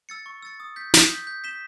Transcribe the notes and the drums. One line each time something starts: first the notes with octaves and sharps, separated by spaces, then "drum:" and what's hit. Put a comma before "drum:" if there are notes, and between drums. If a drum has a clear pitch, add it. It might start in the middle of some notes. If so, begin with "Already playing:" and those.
E6 A6 C#7
C#6
E6 A6 C#7
D#6
G6 B6
D#6, drum: snare
G6 B6
G6
B6 E7 G7